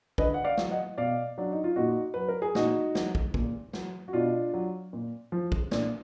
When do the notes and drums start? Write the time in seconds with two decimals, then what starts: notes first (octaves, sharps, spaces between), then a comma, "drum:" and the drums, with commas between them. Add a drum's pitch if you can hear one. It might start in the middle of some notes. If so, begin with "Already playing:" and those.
0.18 D3 B4 D#5, drum: kick
0.34 F#5
0.44 D5 F5
0.57 F#3, drum: snare
0.71 D#5 F#5
0.98 B2 D5 F5
1.38 F#3 D4
1.52 D#4
1.64 F4
1.76 A#2 D#4 F#4
2.14 F#3 B4
2.29 A#4
2.42 G#4
2.55 A#2 D#4 F#4, drum: snare
2.95 F#3, drum: snare
3.15 drum: kick
3.34 A#2, drum: kick
3.73 F#3, drum: snare
4.08 F#4
4.13 B2 D4 F4
4.54 F#3
4.93 A#2
5.32 F3
5.52 drum: kick
5.71 A#2 D4, drum: snare